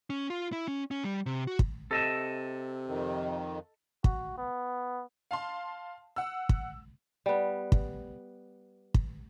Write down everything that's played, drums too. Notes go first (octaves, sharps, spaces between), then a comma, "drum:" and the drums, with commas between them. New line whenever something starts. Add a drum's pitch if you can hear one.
C#4
F4
E4
C#4
C#4
G3
C3
F#4
drum: kick
C3 A4 D#5 E5
F2 D#3
F#4, drum: kick
B3
F5 A5 C6
F#5 E6
drum: kick
G3 B3
drum: kick
drum: kick